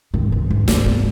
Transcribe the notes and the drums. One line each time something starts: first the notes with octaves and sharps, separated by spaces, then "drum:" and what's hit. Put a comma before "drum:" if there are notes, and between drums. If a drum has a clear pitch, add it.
G#2 D#3
E3
G#2
E3, drum: kick
G#2 A#3, drum: snare
B3
G#3